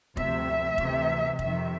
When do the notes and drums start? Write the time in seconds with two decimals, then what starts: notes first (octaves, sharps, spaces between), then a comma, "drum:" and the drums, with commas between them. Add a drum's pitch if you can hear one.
0.17 D2 C3 F3 E5, drum: kick F1
0.78 D2 C3 E3, drum: kick F1
1.39 F2 C3 D#3 E5, drum: kick F1